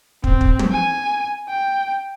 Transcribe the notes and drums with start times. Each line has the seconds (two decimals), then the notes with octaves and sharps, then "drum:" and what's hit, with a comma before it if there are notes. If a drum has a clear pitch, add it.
0.24 C4, drum: kick
0.41 drum: kick
0.59 drum: tom
0.71 G#5
1.48 G5